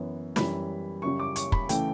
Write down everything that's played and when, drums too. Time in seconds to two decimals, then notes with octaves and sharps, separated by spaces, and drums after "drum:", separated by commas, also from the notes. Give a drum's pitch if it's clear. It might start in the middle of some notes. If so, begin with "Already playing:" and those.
Already playing: F#2 E3 B3
0.36 F#2 E3 G3 B5, drum: snare
1.02 F#2 C#3 G3 C#6
1.20 D6
1.36 C#6, drum: hi-hat
1.52 B5, drum: kick
1.69 C#3 E3 A3 G5, drum: hi-hat